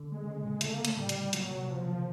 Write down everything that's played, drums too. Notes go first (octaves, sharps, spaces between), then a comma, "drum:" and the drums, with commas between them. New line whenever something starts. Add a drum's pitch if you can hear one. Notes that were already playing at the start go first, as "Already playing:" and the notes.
Already playing: D3
G#3
C#3
G#3
A#2
A#2 A3, drum: hi-hat
A#3
A3, drum: hi-hat
A2 G3
drum: hi-hat
A#2 F#3, drum: hi-hat
C3
C#3 F3
D#3